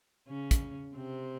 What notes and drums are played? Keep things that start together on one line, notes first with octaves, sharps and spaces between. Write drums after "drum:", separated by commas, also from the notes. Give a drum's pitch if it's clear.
C#3 C#4
drum: kick, hi-hat
C3 C4